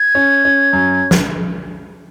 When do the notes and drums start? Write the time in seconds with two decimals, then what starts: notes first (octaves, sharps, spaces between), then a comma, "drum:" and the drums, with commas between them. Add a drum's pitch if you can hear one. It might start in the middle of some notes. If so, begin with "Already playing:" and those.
Already playing: G#6
0.15 C#4
0.45 C#4
0.73 F#2
1.11 drum: snare